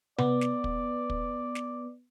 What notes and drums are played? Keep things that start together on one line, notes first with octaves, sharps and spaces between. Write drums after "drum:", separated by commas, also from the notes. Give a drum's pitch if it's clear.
B3 D5, drum: tom C3
drum: snare
drum: kick
drum: kick
drum: snare